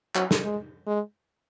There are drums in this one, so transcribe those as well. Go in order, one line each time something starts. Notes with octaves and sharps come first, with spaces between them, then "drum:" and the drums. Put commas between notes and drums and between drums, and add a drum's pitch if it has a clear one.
F#3, drum: clap
drum: snare
G#3
G#3